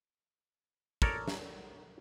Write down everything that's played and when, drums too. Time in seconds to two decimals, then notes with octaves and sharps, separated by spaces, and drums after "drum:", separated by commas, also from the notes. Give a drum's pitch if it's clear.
1.02 A4 A#4 C#5 D5, drum: kick
1.28 drum: snare